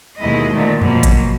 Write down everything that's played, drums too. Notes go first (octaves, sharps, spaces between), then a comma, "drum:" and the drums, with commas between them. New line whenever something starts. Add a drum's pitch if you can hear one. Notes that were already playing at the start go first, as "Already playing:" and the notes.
D#2 B2 G#3 E4 D#5
A#2 D3 D#3 A3
B2 F3 F#3 A#3, drum: tom F2
drum: kick G#1, hi-hat